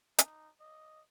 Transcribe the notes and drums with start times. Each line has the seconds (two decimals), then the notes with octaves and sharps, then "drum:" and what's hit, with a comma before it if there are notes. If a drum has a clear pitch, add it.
0.18 D#4, drum: hi-hat
0.61 D#5